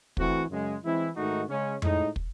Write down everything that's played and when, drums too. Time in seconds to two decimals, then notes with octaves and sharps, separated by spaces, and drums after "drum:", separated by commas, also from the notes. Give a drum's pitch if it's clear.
0.17 E3 A3 C4 F#4, drum: kick
0.50 F#2 C#3 G#3
0.82 E3 G#3 C4 E4
1.15 G#2 D#3 A3 D#4 F#4
1.49 C#3 G#3 C#4
1.82 A2 G#3 D#4, drum: tom F2
2.16 drum: kick